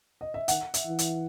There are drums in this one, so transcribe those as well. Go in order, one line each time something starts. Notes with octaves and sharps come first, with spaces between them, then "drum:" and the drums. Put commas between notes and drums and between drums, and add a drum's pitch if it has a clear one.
D#5
E5
D#3 F#5, drum: hi-hat
E5, drum: hi-hat
E3
E5, drum: hi-hat